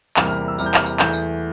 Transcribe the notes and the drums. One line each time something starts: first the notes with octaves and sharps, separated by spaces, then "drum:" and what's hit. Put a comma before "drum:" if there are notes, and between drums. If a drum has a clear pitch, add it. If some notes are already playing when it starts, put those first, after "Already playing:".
E2 C3 G3 A#3 F6, drum: clap
F6
E6
E2 C3 G3 A#3 F6, drum: tambourine
G6
F6, drum: clap
drum: tambourine
E2 E3 A3 G6, drum: clap
drum: tambourine